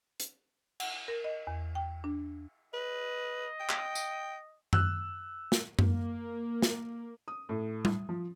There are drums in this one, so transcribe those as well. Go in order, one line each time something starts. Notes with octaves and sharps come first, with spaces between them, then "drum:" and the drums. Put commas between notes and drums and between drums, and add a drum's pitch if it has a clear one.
drum: hi-hat
F#5, drum: cymbal
A#4
D#5
E2
G5
D4
B4 D#5
G5
drum: clap
drum: tambourine
E6 F#6, drum: tom F#2
drum: snare
A#3, drum: tom F#2
drum: snare
D#6
A2
drum: tom G3
F3